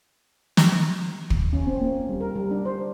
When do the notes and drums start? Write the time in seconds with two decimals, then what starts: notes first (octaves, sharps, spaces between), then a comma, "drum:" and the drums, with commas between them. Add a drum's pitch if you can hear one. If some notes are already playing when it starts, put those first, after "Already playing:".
0.57 drum: snare
1.30 drum: kick
1.53 C#4
1.67 C4
1.81 A#3
2.09 G3
2.21 A#4
2.35 G3
2.51 D4
2.65 C5